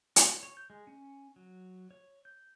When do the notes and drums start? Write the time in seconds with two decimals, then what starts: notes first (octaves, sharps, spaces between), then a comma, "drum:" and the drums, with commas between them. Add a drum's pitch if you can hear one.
0.16 F#4, drum: hi-hat
0.43 C#5
0.57 G6
0.70 G#3
0.87 C#4
1.36 F#3
1.91 C#5
2.25 G6